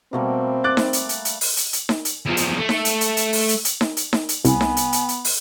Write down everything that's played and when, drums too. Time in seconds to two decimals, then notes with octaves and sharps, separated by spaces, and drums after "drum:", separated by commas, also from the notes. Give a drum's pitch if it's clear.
0.13 B2 G3 A3 A#3 C4
0.64 D6 F#6 A6
0.77 drum: snare D#4
0.93 drum: hi-hat
1.09 drum: hi-hat
1.25 drum: hi-hat
1.41 drum: open hi-hat
1.57 drum: hi-hat
1.73 drum: hi-hat
1.89 drum: snare D#4
2.05 drum: hi-hat
2.25 E2 F3
2.37 drum: hi-hat
2.59 A3
2.69 drum: snare D#4
2.85 drum: hi-hat
3.01 drum: hi-hat
3.17 drum: hi-hat
3.33 drum: open hi-hat
3.49 drum: hi-hat
3.65 drum: hi-hat
3.81 drum: snare D#4
3.97 drum: hi-hat
4.13 drum: snare D#4
4.29 drum: hi-hat
4.45 C2 B3 G#5, drum: hi-hat
4.61 drum: snare D#4
4.77 drum: hi-hat
4.93 drum: hi-hat
5.09 drum: hi-hat
5.25 drum: open hi-hat